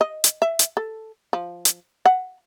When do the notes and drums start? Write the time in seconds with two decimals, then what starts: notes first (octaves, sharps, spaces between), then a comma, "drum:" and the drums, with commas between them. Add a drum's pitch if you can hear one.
0.01 D#5
0.24 drum: hi-hat
0.42 E5
0.59 drum: hi-hat
0.77 A4
1.33 F3
1.65 drum: hi-hat
2.06 F#5